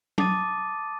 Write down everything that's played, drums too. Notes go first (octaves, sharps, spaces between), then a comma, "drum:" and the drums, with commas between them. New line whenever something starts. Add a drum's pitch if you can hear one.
A5 D6 D#6 A6 D#7, drum: tom F#3